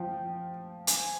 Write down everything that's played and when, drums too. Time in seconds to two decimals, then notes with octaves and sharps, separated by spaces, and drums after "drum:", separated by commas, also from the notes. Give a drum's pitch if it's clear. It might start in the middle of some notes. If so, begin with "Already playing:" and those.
Already playing: F3 G5
0.87 G#5, drum: hi-hat